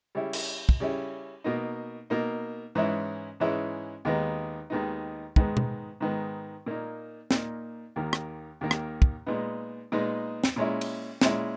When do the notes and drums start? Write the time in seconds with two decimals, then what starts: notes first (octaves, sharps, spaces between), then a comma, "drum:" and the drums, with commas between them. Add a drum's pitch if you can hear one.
0.15 C#3 G3 C#4 E4
0.33 drum: cymbal
0.69 drum: kick
0.80 C#3 G3 C#4 E4
1.44 B2 A#3 D#4
2.10 B2 A#3 D#4
2.75 G#2 E3 G#3 C#4 E4
3.40 G#2 E3 G#3 C#4 E4
4.05 D#2 D#3 G#3 B3 D#4
4.70 D#2 D#3 G#3 B3 D#4
5.36 G#2 D#3 G#3 B3, drum: kick
5.57 drum: tom B2
6.01 G#2 D#3 G#3 B3
6.66 A#2 A#3 D#4
7.31 A#2 A#3 D#4, drum: snare
7.96 D#2 D#3 A#3
8.13 drum: rim click
8.61 D#2 D#3 A#3
8.71 drum: rim click
9.02 drum: kick
9.26 A#2 G#3 B3 D#4
9.92 A#2 G#3 B3 D#4
10.44 drum: snare
10.56 A#2 G#3 C#4 E4
10.81 drum: cymbal
11.21 A#2 G#3 C#4 E4, drum: snare